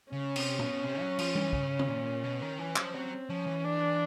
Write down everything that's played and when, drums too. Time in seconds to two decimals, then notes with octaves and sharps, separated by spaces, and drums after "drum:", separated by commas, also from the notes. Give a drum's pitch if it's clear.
0.13 C#3 C#4
0.36 C3, drum: cymbal
0.59 B2, drum: tom A#2
0.83 C3
1.00 F#3
1.19 F3, drum: cymbal
1.35 E3, drum: tom G3
1.53 C#3, drum: kick
1.79 drum: tom
1.88 A#2
2.23 B2
2.41 D#3
2.59 E3
2.76 F3, drum: clap
2.94 F#3 C4
3.29 F3 C#4
3.47 E3
3.64 D4